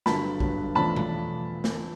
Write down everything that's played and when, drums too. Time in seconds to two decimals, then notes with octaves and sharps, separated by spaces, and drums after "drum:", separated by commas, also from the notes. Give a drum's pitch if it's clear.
0.06 G1 G2 D3 F#3 A5 B5, drum: snare
0.40 G1 G2 D3 F#3, drum: kick
0.75 E2 C#3 F3 A3 D4 A5 B5
0.96 drum: tom B2
1.64 drum: snare